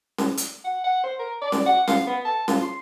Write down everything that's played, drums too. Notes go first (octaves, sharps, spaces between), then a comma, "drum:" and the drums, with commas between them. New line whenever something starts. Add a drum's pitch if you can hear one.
drum: snare C#4
drum: hi-hat
F#5
F#5
C5
A#4
D5
drum: snare C#4
F#5
F5, drum: snare C#4
B3
A5
F4, drum: snare C#4
C6